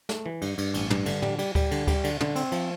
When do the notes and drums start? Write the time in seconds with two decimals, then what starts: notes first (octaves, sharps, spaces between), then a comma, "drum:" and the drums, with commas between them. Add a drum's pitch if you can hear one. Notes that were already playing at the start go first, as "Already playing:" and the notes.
0.09 A3, drum: snare
0.26 E3
0.42 G2, drum: cymbal
0.58 G2, drum: cymbal
0.74 A1, drum: cymbal
0.90 G2, drum: tom
1.06 D3, drum: cymbal
1.22 G3, drum: tom
1.39 G3, drum: cymbal
1.55 G3, drum: kick D2, cymbal
1.71 D3, drum: cymbal
1.87 G3, drum: kick D2, cymbal
2.04 D3, drum: cymbal
2.21 D3, drum: tom
2.36 C4, drum: cymbal
2.52 F3, drum: cymbal